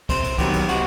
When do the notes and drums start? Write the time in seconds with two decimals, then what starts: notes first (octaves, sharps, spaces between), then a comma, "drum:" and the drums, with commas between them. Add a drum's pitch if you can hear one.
0.09 C3 C5, drum: kick C2, cymbal
0.24 drum: cymbal
0.38 D#3 F#3 B3 G4, drum: kick C2, cymbal
0.53 drum: cymbal
0.68 C3 F#4, drum: cymbal